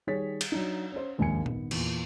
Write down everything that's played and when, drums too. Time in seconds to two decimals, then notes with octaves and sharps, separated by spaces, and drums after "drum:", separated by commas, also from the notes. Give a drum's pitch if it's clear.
0.07 D#3 G3 G#4 C#5 A6 B6
0.41 drum: cymbal
0.52 F#3 D4 D#4
0.92 C#4 C5
1.18 A#1 D#2 G#2 A#3 G#5 C#7
1.46 G#1 B3, drum: tom A#2
1.71 E2 A#2, drum: cymbal